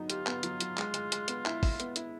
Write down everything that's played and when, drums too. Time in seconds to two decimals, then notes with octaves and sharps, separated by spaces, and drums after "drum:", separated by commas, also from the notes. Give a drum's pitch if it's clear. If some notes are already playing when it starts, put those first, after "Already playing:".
Already playing: F#3 B3 D#4
0.10 F4 G4, drum: hi-hat
0.27 B3, drum: clap
0.43 F#3, drum: hi-hat
0.60 F#3, drum: hi-hat
0.78 G#3, drum: clap
0.94 G#3, drum: hi-hat
1.12 G#3, drum: hi-hat
1.28 B3, drum: hi-hat
1.46 E4, drum: clap
1.63 E4, drum: kick, open hi-hat
1.80 B3, drum: hi-hat
1.96 E4, drum: hi-hat